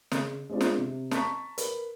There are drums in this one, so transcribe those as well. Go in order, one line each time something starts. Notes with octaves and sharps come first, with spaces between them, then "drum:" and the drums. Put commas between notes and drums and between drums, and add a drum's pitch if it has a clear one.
C#3, drum: snare
G#3 B3 C4 D4 F4
drum: snare
C3
A5 A#5 C#6 B6, drum: snare
A#4 B4, drum: hi-hat